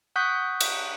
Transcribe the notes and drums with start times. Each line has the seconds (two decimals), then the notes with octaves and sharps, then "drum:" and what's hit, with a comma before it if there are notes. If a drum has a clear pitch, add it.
0.16 F#5 C#6 D#6 F#6 G6 B6
0.61 drum: cymbal